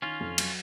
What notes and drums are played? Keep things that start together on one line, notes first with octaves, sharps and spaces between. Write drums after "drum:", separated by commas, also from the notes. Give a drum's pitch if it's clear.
D#3 C#4 F4
F2
F#3, drum: cymbal